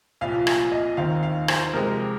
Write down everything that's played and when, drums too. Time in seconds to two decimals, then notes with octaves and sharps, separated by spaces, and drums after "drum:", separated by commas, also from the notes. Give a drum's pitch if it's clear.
0.21 C2 A#2 F3 F5
0.47 G#5, drum: rim click
0.72 D#5
0.97 D#2 D#3 C4 F5
1.23 F5
1.48 C5, drum: rim click
1.73 F2 C3 G#3 A#4